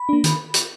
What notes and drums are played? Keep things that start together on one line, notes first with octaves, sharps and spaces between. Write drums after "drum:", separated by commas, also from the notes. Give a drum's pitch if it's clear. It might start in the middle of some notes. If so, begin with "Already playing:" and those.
Already playing: B5
A#3 D4
D#3, drum: hi-hat
drum: hi-hat